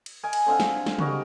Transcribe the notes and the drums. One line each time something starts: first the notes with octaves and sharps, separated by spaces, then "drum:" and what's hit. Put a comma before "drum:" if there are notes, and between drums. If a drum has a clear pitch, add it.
drum: cymbal
A#4 D#5 G#5
drum: cymbal
D3 C4 D#5 F5
drum: snare
drum: snare
G3 F#4 A#4 D#5, drum: tom C#3